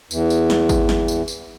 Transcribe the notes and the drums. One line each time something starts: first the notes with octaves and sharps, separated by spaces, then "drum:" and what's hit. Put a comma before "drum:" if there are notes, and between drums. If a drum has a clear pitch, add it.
E2, drum: tambourine
drum: tambourine
drum: snare
drum: kick G#1, tambourine
drum: snare
drum: tambourine
drum: tambourine